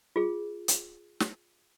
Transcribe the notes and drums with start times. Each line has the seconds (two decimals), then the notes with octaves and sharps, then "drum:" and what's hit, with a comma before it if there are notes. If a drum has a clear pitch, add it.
0.16 F4 G#4
0.68 drum: hi-hat
1.20 drum: snare